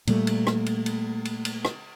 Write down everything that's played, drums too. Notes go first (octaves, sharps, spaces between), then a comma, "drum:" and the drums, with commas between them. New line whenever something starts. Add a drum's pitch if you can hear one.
A#2 G3 A3, drum: cymbal
drum: cymbal
drum: rim click
drum: cymbal
drum: cymbal
drum: cymbal
drum: cymbal
drum: rim click